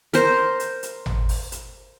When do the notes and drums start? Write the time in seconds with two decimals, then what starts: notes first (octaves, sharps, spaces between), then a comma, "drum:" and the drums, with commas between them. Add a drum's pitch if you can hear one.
0.14 A#4 C5, drum: hi-hat
0.60 drum: hi-hat
0.83 drum: hi-hat
1.06 drum: tom G#1
1.29 drum: open hi-hat
1.52 drum: hi-hat